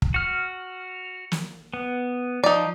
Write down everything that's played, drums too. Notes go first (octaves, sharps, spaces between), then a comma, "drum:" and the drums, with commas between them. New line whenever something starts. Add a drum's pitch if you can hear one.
drum: kick
F#4 F6
drum: snare
B3
F3 D#4 D5